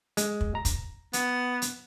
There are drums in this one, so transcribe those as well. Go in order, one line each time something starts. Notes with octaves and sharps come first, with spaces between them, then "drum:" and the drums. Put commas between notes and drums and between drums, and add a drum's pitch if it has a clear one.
G#3, drum: hi-hat
drum: kick
A#5
drum: kick, hi-hat
B3, drum: hi-hat
drum: hi-hat